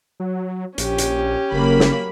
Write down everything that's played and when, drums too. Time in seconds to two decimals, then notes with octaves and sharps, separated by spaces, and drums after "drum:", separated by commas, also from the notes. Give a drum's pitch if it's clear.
0.20 F#3
0.78 A#1 C#4 G4, drum: hi-hat
0.98 drum: hi-hat
1.52 F#1 C#3 F#3 A#3 B5
1.80 drum: snare